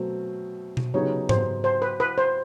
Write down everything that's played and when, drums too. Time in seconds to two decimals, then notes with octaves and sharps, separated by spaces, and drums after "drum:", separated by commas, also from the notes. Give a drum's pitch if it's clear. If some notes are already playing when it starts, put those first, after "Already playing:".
Already playing: B2 F#3 A3 C4
0.77 drum: tom B2
0.94 C#3 F#3 B3 D#4 G4 C#5
1.29 C5, drum: tom G#2
1.64 C5
1.82 B4
2.00 B4
2.18 C5